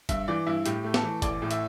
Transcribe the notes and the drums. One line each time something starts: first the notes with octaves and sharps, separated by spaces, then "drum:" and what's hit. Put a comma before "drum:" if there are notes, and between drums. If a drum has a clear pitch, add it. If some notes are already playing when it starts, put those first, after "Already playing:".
G2 E5, drum: kick F#1, hi-hat
E3 D5
G2 E4
A2 G4, drum: hi-hat
A3
A4, drum: snare
E3
A1 D5, drum: kick F#1, hi-hat
A2
E5, drum: hi-hat